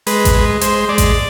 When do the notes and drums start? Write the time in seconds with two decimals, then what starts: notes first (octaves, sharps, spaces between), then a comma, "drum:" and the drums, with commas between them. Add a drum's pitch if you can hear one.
0.07 G#3 B4, drum: open hi-hat
0.25 drum: kick A1, hi-hat
0.34 G#3
0.61 G#3 C5, drum: hi-hat
0.89 G#3 D5
0.98 drum: kick A1, hi-hat